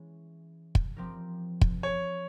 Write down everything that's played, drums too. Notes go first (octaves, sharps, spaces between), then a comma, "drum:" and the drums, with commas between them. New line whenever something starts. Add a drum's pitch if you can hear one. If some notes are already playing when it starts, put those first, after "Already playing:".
Already playing: E3 G#3 C#4
drum: kick
F3 C4 G4 A#4
drum: kick
C#5